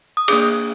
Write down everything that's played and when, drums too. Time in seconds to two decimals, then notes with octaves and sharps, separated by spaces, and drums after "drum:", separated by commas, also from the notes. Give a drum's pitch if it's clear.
0.17 D#6
0.28 A#3 D4 G#4 D6, drum: cymbal